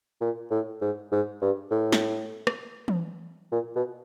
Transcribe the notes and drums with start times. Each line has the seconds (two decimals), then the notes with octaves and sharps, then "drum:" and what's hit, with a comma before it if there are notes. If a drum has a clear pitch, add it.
0.21 A#2
0.51 A2
0.82 G#2
1.12 G#2
1.41 G2
1.71 A2
1.92 drum: snare
2.47 drum: rim click
2.88 drum: tom E3
3.52 A#2
3.76 B2